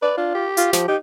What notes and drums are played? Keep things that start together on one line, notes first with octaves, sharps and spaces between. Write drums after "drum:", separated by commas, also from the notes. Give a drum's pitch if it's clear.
B4 D5
D4 F4
G4
F4, drum: hi-hat
F3, drum: snare
D#4 G4